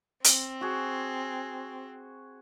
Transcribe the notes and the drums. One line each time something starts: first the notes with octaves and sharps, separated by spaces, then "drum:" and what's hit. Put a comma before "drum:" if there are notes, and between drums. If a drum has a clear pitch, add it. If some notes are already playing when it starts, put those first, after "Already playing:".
C4, drum: hi-hat
F#4 G#4